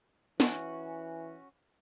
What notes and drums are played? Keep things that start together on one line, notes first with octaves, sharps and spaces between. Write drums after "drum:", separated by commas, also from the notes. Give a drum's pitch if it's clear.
E3 C#4 F#4, drum: snare